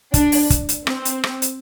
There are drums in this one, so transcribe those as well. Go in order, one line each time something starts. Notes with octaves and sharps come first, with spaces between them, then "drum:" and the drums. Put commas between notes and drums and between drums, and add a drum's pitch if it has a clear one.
D4, drum: kick, hi-hat
drum: open hi-hat
drum: kick, hi-hat
drum: hi-hat
C4, drum: rim click
drum: hi-hat
drum: rim click
drum: hi-hat